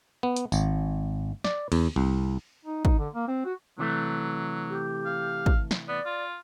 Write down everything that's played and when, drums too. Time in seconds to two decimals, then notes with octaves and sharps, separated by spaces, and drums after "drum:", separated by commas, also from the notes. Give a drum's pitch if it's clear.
0.23 B3
0.36 drum: hi-hat
0.52 G#1, drum: tambourine
1.44 D5, drum: snare
1.72 E2, drum: cymbal
1.96 C2
2.65 D#4
2.85 D#4, drum: kick
2.99 D3
3.14 A#3
3.28 C4
3.46 F#4
3.79 C3 E3 F#3 A3
4.69 G4
5.06 F5
5.46 drum: kick
5.71 drum: snare
5.88 B3 D5
6.06 F4